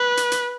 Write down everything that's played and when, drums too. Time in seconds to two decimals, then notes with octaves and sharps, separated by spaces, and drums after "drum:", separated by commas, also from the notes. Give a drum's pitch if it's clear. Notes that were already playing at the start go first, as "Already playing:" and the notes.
Already playing: B4
0.17 drum: hi-hat
0.32 drum: hi-hat